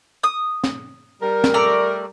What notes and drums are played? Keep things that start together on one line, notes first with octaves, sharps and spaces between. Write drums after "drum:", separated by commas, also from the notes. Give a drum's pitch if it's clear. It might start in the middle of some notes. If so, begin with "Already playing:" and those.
D#6
drum: snare
G3 A#4
drum: snare
A3 D5 A#5